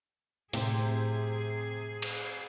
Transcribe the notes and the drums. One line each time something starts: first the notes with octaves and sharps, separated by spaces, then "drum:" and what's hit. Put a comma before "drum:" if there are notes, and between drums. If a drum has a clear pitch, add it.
A2 C3 G4 G#4 C5, drum: hi-hat
drum: cymbal